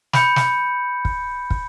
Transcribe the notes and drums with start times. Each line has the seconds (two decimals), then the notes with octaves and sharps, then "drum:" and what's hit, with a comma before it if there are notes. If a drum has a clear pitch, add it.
0.13 B5 G6 C#7, drum: snare
0.36 drum: snare
1.05 drum: kick
1.50 drum: kick